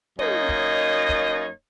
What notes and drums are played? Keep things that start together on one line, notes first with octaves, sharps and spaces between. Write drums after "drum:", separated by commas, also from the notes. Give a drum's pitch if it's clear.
F#2 A#3 D#4 C#5 D#5, drum: tom
drum: kick
drum: kick